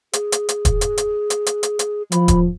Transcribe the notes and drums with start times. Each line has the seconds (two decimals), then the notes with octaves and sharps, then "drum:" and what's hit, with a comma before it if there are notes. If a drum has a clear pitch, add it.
0.13 G#4, drum: hi-hat
0.32 drum: hi-hat
0.49 drum: hi-hat
0.65 drum: kick D#1, hi-hat
0.81 drum: hi-hat
0.97 drum: hi-hat
1.30 drum: hi-hat
1.46 drum: hi-hat
1.63 drum: hi-hat
1.79 drum: hi-hat
2.12 F3 B5, drum: hi-hat
2.28 drum: kick D#1, hi-hat